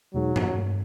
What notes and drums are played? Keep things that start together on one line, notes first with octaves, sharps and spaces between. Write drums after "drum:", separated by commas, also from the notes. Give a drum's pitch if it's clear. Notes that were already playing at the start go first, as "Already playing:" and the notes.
E2 B2 F#3 G#3 D#4 G#4
drum: tom G2